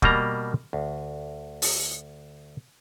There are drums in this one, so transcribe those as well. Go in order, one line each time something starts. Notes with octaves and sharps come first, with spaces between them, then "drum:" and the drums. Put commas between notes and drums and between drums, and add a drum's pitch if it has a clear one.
B2 G3 A#3 A#5, drum: kick
D2
drum: open hi-hat